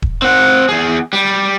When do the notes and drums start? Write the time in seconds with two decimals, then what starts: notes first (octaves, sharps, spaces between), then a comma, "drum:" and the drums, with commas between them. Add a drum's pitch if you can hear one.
0.02 drum: kick D#1
0.22 C4 F#5
0.69 E2 G#4
1.13 G3